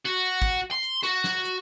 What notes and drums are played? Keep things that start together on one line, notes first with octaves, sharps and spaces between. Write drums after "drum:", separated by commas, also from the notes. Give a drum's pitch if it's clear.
F#4
drum: kick G#1, hi-hat
C6
drum: hi-hat
F#4, drum: hi-hat
drum: snare
drum: hi-hat